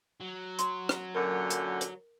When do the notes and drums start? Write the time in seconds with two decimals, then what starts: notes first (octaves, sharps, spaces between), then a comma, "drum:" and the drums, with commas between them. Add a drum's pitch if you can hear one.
0.20 F#3
0.59 C6, drum: hi-hat
0.89 drum: rim click
1.15 F#2 A#2 D3 A#4
1.50 drum: hi-hat
1.81 drum: hi-hat